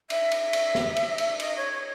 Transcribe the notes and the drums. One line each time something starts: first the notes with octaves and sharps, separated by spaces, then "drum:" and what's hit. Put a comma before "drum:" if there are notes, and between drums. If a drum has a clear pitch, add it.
E5, drum: cymbal
drum: cymbal
drum: cymbal
drum: snare
drum: cymbal
drum: cymbal
D#5, drum: cymbal
C#5
C#5